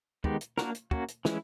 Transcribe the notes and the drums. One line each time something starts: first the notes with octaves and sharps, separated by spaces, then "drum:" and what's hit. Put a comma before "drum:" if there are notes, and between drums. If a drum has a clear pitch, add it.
D#3 G#3 B3 D#4 G4, drum: kick
drum: hi-hat
A#3 D4 F#4 A#4, drum: snare
drum: hi-hat
A#3 C#4 F#4, drum: kick
drum: hi-hat
E3 G#3 C#4 E4, drum: snare